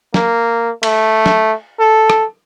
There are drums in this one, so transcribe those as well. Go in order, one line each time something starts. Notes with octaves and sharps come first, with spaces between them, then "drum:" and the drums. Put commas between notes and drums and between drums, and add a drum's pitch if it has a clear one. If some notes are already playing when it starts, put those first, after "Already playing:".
A#3, drum: snare
A3, drum: cymbal
drum: snare
A4
drum: rim click